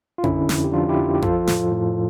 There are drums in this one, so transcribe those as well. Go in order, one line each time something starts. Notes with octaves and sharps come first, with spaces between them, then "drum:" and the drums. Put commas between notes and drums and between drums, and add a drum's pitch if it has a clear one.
F4
D3 C#4 E4, drum: tom F2
F2, drum: snare
G4
F3 D4 F4
E4 G4
F2
G4
F3 F4 A4, drum: tom F2
A2, drum: snare
A2